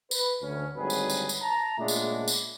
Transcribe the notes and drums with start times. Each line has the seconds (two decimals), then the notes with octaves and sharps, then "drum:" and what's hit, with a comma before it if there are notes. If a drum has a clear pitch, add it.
0.11 B4, drum: tambourine
0.42 D2 C#4
0.76 G#1 D2 F#3 G3 G#4 B4
0.90 drum: tambourine
1.10 drum: tambourine
1.29 drum: tambourine
1.41 A5 A#5
1.78 A#2 C#3 G#3 A3 B3 D4
1.88 drum: tambourine
2.28 drum: tambourine